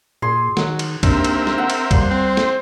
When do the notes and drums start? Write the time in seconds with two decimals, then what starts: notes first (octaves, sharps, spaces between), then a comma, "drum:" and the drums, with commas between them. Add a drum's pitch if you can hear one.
0.22 A#2 G#4 C6
0.57 D#3 F#3, drum: snare
0.79 drum: cymbal
1.03 D#2 C4 D4 A#4 E5, drum: kick C2, cymbal
1.24 drum: cymbal
1.47 drum: snare
1.58 F#5
1.70 drum: cymbal
1.91 G3 A#3 C5, drum: kick C2, cymbal
2.11 C4
2.37 drum: snare